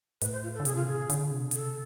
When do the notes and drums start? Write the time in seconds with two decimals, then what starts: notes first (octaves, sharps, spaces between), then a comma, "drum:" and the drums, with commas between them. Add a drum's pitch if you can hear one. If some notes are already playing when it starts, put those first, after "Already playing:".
0.21 A2 B4, drum: hi-hat
0.32 C5
0.43 F4
0.54 A4
0.60 D3
0.65 C3 G#4, drum: hi-hat
0.75 F4
0.86 G#4
1.10 D3, drum: hi-hat
1.31 C3
1.41 B2
1.51 C3 A4, drum: hi-hat